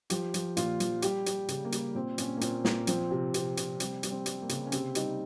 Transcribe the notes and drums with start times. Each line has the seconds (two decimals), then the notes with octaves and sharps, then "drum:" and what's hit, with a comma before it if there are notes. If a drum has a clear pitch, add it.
0.10 F3 G4, drum: hi-hat
0.34 F3, drum: hi-hat
0.57 A#2 F4, drum: hi-hat
0.80 F3, drum: hi-hat
1.02 G3 G4, drum: hi-hat
1.26 G3, drum: hi-hat
1.48 C#3, drum: hi-hat
1.65 A#3
1.72 G3, drum: hi-hat
1.95 A#2 C4
2.18 A#2 C#4, drum: hi-hat
2.37 A#3
2.41 A#2 C4, drum: hi-hat
2.65 A#2 A#3, drum: snare
2.87 F3 C4, drum: hi-hat
3.11 C3
3.34 C3, drum: hi-hat
3.57 C3, drum: hi-hat
3.80 G3 C4, drum: hi-hat
4.03 G3, drum: hi-hat
4.11 C4
4.26 G3, drum: hi-hat
4.42 A#3
4.49 C#3, drum: hi-hat
4.67 C#4
4.72 C3 C4, drum: hi-hat
4.95 G3 D#4, drum: hi-hat